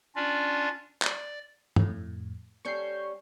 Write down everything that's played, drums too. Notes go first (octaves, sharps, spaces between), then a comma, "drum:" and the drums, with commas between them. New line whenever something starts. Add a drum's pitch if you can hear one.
C#4 D4 F4 D5
D5, drum: clap
F2 A2, drum: tom G2
G3 C#4 A4 C#6 G6 C7